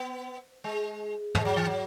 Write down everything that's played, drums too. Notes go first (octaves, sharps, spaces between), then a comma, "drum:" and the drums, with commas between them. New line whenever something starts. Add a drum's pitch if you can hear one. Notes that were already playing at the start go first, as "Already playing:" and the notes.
Already playing: B3
G#3
G#3, drum: tom
F#3
E3
F#3